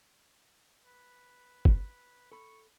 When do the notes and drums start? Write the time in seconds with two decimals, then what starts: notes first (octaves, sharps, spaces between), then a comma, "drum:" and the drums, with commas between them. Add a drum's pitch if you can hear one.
0.85 B4
1.65 drum: kick
2.32 A4 B5 C#6